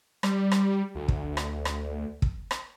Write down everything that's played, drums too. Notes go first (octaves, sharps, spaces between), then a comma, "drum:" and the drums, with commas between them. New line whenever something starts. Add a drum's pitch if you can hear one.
G3, drum: rim click
drum: rim click
D2
drum: kick
drum: rim click
drum: rim click
drum: kick
drum: rim click